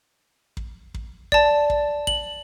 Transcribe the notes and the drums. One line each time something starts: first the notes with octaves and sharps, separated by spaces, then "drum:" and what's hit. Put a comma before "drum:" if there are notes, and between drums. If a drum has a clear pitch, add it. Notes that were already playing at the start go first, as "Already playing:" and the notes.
drum: kick
drum: kick
D5 A5, drum: kick
drum: kick
F#7, drum: kick